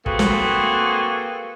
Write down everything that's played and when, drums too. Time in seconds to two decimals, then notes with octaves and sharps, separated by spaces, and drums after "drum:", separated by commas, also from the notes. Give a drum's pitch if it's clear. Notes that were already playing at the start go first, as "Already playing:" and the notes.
0.06 A#3 C4 F#4 G#4 A4 B4, drum: kick
0.19 drum: snare